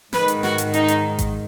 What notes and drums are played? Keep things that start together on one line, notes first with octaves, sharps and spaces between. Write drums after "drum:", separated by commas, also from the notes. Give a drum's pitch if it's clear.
G#2 D#3 B4, drum: snare
drum: hi-hat
F#4, drum: snare
drum: hi-hat
D#4, drum: hi-hat
drum: hi-hat
drum: kick G#1, hi-hat